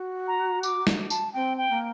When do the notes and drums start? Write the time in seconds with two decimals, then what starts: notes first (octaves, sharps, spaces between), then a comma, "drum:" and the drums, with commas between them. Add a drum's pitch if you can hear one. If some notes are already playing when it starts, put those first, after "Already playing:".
Already playing: F#4
0.28 A#5
0.63 D6, drum: tambourine
0.87 drum: snare
1.10 A5, drum: tambourine
1.33 C4 G5
1.57 G5
1.69 A#3